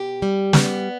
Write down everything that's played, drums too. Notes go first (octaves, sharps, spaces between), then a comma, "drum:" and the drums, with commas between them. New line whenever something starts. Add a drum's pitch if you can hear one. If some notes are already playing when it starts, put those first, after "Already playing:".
Already playing: B2 G4
G3
B3, drum: snare